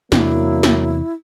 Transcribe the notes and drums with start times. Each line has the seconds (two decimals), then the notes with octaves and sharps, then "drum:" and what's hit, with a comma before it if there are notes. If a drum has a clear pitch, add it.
0.12 E2 C3 F#3 A#3 D4 E4, drum: snare
0.63 drum: snare